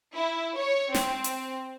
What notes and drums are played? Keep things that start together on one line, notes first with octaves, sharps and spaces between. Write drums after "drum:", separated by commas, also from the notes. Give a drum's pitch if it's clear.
E4
C#5
C4, drum: snare
drum: hi-hat